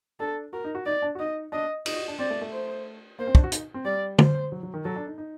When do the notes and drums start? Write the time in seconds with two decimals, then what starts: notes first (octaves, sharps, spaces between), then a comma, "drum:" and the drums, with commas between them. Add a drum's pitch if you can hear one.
0.20 D4 A4
0.53 F#4 A#4
0.64 D#4
0.75 F#4
0.86 D#4 D5
1.02 D4
1.15 F#4
1.19 D#4 D#5
1.52 D4 D#5
1.86 D#4 D#5, drum: cymbal
1.96 F#4
2.08 D4
2.19 C4 D5
2.30 A3
2.41 A3
2.52 C5
3.19 A#3 C5
3.27 C4
3.35 D4, drum: kick
3.44 F#4
3.52 D#4, drum: hi-hat
3.74 C4
3.85 G3 D5
4.19 C5, drum: tom
4.52 F#3
4.63 F#3
4.74 D#3
4.84 F#3 A4
4.96 D4
5.07 D#4
5.18 D#4